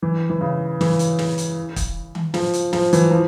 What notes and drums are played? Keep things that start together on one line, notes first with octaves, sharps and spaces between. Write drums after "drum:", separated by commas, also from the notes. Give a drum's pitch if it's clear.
E3
E3
C#3
E3, drum: snare
drum: hi-hat
drum: snare
drum: hi-hat
drum: kick, hi-hat
drum: tom D#3
F3, drum: snare
drum: hi-hat
F3, drum: snare
E3, drum: hi-hat
F3